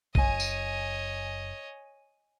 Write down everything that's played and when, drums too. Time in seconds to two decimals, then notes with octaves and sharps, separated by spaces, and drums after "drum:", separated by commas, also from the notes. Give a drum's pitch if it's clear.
0.15 F#1 C#5 D#5 G#5 D#7, drum: kick
0.40 drum: tambourine